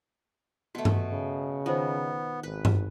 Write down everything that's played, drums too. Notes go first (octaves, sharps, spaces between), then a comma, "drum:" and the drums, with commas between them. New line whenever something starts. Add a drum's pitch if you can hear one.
B2 A3 F#4
drum: tom G2
C#3
D#3 B3 F4 C5
G#1 B4
drum: tom G2